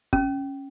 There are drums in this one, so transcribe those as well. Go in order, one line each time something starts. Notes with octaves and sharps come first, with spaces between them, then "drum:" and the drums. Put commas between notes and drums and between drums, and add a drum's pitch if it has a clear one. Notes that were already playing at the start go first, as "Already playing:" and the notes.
C#4, drum: kick G1